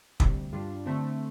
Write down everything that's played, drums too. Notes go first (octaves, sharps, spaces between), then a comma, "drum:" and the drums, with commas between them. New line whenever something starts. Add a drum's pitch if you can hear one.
D2 C3 G3, drum: kick
G2 G3 D4 F4
D3 A3 C4